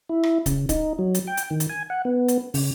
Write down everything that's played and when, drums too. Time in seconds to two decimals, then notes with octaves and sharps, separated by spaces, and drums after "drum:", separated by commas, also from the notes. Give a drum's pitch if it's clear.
0.09 E4
0.23 drum: rim click
0.46 C#3, drum: kick D1, hi-hat
0.69 D#4, drum: kick D1, hi-hat
0.99 F#3
1.14 drum: hi-hat
1.27 G5
1.37 drum: hi-hat
1.51 D#3
1.60 drum: hi-hat
1.69 G#5
1.90 F#5
2.05 B3
2.28 drum: hi-hat
2.54 C#3, drum: open hi-hat